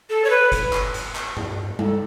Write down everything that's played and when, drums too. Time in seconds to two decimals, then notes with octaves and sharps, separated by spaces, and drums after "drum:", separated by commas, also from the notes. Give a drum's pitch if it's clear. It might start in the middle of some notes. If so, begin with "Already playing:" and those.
0.10 A4
0.25 C#5
0.30 B4
0.52 drum: kick F#1, hi-hat
0.73 drum: clap
0.94 drum: hi-hat
1.15 drum: clap
1.37 drum: tom G2
1.79 A4, drum: tom G3